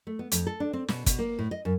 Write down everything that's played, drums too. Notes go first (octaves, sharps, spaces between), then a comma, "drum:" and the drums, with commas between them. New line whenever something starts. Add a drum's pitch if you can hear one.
A3
B3
F2, drum: hi-hat
A4
D4
C4
B2, drum: snare
B2, drum: kick, hi-hat
A#3
A2
D#5
F#2